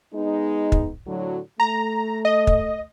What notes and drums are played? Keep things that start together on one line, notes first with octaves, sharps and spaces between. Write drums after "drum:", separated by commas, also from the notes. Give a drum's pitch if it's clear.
G#3 B3 D#4
drum: kick
A2 D3 F#3
A3 A#5
D#5
drum: kick